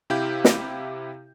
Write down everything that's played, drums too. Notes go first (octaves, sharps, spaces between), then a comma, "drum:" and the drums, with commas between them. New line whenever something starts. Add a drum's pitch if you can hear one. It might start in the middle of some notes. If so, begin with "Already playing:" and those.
C3 E4 G4 F5 G6
drum: snare